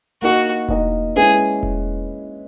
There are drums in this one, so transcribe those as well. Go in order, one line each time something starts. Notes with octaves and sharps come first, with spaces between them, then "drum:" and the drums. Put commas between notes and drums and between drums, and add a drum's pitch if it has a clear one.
A#3 D#4 F#4 A#4 D#5
A#3 D#4 A#4 D#5, drum: kick E1
G#3 C#4 E4 G#4 B4 E5
drum: kick E1